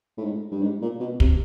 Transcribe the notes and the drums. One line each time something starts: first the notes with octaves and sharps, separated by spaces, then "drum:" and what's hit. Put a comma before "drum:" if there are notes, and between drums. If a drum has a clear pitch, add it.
A2
G#2
G2
G#2
A#2
B2
C3, drum: kick